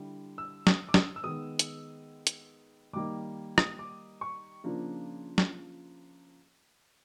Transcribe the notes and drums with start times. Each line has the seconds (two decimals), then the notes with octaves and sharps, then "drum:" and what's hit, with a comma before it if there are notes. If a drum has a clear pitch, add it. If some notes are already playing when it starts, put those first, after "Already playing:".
Already playing: D3 G3 E4
0.38 E6
0.67 D#6, drum: snare
0.89 D6
0.94 D#6, drum: snare
1.16 E6
1.23 D#3 G#3 B3 D#6
1.59 drum: hi-hat
2.27 drum: hi-hat
2.93 D#3 G3 A#3 D#4 D6
3.58 D#6, drum: rim click
3.79 D6
4.21 C#6
4.64 C#3 F3 A#3 D4 F4
5.38 drum: snare